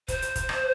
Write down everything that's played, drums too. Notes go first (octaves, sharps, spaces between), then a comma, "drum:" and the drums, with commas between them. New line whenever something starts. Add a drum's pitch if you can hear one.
C5, drum: kick, hi-hat
drum: hi-hat
drum: kick, hi-hat
drum: rim click